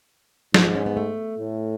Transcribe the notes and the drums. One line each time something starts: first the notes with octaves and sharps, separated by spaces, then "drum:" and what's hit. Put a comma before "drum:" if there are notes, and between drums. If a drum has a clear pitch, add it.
G#2 F3, drum: snare
C#4
B3
A3
A2